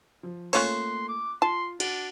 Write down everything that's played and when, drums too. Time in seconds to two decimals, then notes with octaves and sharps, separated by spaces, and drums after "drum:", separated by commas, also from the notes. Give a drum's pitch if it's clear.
0.23 F3
0.53 A3 A#3 C#4 F4 C#5 C6 F#6, drum: open hi-hat
1.08 D6
1.42 F4 A5 C6
1.80 D4 F#4, drum: cymbal